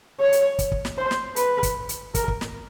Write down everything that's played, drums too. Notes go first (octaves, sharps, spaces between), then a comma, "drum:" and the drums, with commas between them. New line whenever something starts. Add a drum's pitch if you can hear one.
C#5
drum: hi-hat
drum: kick, hi-hat
drum: kick
drum: snare
C5
drum: snare
B4, drum: hi-hat
drum: kick, hi-hat
drum: hi-hat
A#4, drum: kick, hi-hat
drum: kick
drum: snare